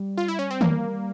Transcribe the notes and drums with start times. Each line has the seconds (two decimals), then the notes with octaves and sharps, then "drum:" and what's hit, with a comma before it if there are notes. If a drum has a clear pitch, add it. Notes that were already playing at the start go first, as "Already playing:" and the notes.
Already playing: G3
0.18 F4
0.28 E4
0.39 C#4
0.51 C4
0.61 A#3, drum: tom D#3